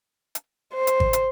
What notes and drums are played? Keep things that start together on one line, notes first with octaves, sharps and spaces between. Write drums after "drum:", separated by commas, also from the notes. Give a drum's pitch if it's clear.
drum: hi-hat
C5
drum: hi-hat
drum: kick G#1
drum: hi-hat